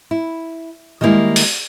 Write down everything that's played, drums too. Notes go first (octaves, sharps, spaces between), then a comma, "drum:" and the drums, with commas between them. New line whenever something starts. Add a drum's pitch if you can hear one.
E4
D#3 G3 G#3 A#3 E4
drum: open hi-hat